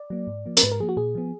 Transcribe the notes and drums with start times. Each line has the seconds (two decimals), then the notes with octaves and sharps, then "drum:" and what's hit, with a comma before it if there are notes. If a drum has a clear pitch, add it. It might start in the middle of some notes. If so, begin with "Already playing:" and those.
Already playing: D5
0.10 F#3 A#3
0.27 G#2
0.46 F3 A#3
0.57 A#4, drum: hi-hat
0.63 G#2 B4
0.72 A#4
0.80 F3 A#3 G#4
0.89 F#4
0.97 A#2 G#4
1.15 F3 B3